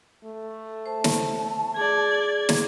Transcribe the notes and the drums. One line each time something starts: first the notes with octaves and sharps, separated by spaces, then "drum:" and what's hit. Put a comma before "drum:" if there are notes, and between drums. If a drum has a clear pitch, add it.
A3
C5 A5
drum: snare
G#4 D5 G#6
drum: snare